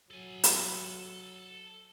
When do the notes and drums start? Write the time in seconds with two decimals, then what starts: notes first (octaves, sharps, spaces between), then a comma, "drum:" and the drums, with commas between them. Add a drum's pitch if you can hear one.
0.11 F#3 A4 G#5
0.44 drum: hi-hat